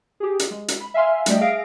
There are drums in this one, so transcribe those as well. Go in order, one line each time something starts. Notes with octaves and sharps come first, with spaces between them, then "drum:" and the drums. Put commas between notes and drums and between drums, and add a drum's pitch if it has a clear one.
G4 G#4
drum: hi-hat
G#3
drum: hi-hat
B5
E5 F5 G#5 C6 F6
G3 A3 D4 D#5 E5 G5, drum: hi-hat
G#4 E5 F5 A#6 D7